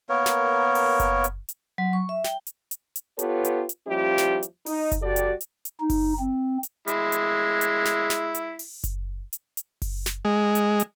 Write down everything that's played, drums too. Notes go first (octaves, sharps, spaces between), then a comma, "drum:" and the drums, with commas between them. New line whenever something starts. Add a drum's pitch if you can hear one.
A#3 B3 A#4 C#5
drum: snare
drum: open hi-hat
drum: kick F#1, hi-hat
drum: hi-hat
drum: hi-hat
F#3
C#6
E5
G5, drum: snare
drum: hi-hat
drum: hi-hat
drum: hi-hat
B3 F4 G4 A4 B4 C#5, drum: hi-hat
drum: hi-hat
drum: hi-hat
D#2 F3 G3 C#4 E4 G4
drum: snare
drum: hi-hat
D#4, drum: open hi-hat
drum: kick F#1, hi-hat
G3 F#4 G4 A4 D5
drum: hi-hat
drum: hi-hat
drum: hi-hat
D#4
drum: kick F#1, open hi-hat
C4
drum: hi-hat
G#3 E4, drum: hi-hat
drum: hi-hat
drum: hi-hat
drum: snare
drum: snare
drum: hi-hat
drum: open hi-hat
drum: kick F#1, hi-hat
drum: hi-hat
drum: hi-hat
drum: kick F#1, open hi-hat
drum: snare
G#3
drum: hi-hat
drum: hi-hat